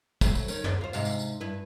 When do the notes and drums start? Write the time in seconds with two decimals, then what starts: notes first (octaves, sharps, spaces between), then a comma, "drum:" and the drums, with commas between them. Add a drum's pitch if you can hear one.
0.21 F#3 A3 C4, drum: kick, tambourine
0.35 drum: tambourine
0.48 D#3 C#4, drum: tambourine
0.64 D5, drum: tom
0.81 F4 C5
0.93 G#2 C3 F5, drum: tambourine
1.05 drum: tambourine
1.19 drum: tambourine
1.40 G2 E4 B4